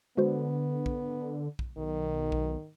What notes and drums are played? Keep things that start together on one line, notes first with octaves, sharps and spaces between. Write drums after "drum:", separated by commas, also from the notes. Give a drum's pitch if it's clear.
D3 G#3 B3 F#4 C5
drum: kick A#1
drum: kick A#1
B1 D#3
drum: kick A#1